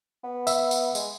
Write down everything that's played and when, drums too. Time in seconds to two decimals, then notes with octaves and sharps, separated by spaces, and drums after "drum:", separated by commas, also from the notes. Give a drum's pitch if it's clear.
0.24 B3
0.47 E5, drum: tambourine
0.71 drum: tambourine
0.95 G#3, drum: tambourine